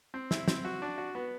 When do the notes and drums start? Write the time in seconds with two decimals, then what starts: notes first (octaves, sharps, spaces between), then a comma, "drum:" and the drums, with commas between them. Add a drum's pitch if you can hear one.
0.14 C4
0.31 E4, drum: snare
0.48 C4, drum: snare
0.65 F#4
0.82 D4
0.98 F#4
1.15 B3